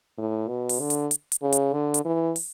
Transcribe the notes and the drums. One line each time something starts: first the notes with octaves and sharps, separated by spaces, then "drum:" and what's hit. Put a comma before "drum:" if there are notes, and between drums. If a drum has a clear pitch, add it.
A2
B2
drum: open hi-hat
D3
drum: hi-hat
drum: hi-hat
drum: hi-hat
C#3
drum: hi-hat
D3
drum: hi-hat
E3
drum: open hi-hat